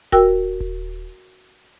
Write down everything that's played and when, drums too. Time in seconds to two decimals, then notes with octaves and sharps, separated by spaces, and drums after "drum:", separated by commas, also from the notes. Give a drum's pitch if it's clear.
0.12 F#4 A#4 G5 E6, drum: kick D#1, hi-hat
0.28 drum: hi-hat
0.60 drum: kick D#1, hi-hat
0.92 drum: hi-hat
1.08 drum: hi-hat
1.40 drum: hi-hat